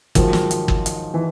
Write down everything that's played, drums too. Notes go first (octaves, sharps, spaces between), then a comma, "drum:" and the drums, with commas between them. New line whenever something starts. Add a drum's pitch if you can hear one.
G#2 D#3 F3 F#3, drum: kick, hi-hat
drum: snare
drum: hi-hat
drum: kick
drum: hi-hat
E3